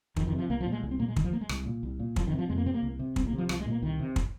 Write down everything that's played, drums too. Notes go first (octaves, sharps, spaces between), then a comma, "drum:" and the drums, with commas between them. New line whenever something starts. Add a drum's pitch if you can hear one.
F2 D#3, drum: kick
D#3
C3
F3
C2 A#3
F3
A#2
G#3
C2 G#3
C4
A#2 A#3
G#3
D#2 D#3, drum: kick
F3
A#3
G#3
C2, drum: rim click
A#2
C2
A#2
F2 F3, drum: kick
D#3
C3
F3
F2 G#3
A#3
C3 C4
A#3
C2
C3
C2 C4, drum: kick
A#3
C3
F3
C2 F3, drum: rim click
G#3
A#2
A#3
C2 D#3
C3
drum: kick